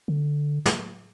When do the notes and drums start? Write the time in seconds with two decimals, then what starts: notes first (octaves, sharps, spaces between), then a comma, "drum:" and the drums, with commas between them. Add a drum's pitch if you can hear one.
0.08 D3
0.66 drum: snare